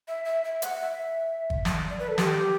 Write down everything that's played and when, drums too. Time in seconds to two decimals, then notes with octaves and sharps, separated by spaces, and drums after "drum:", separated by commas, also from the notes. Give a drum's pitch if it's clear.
0.08 E5
0.25 E5
0.44 E5
0.62 F#5, drum: hi-hat
0.81 E5
1.50 drum: kick
1.65 drum: snare
1.90 D5
1.99 B4
2.08 A4
2.18 G4, drum: snare